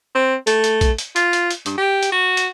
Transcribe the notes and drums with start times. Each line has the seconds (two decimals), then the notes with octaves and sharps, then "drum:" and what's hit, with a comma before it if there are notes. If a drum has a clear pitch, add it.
0.15 C4
0.47 A3, drum: hi-hat
0.64 drum: hi-hat
0.81 drum: kick, hi-hat
0.98 drum: hi-hat
1.16 F4, drum: hi-hat
1.33 drum: hi-hat
1.51 drum: hi-hat
1.66 G2, drum: hi-hat
1.78 G4
2.03 drum: hi-hat
2.12 F#4
2.37 drum: hi-hat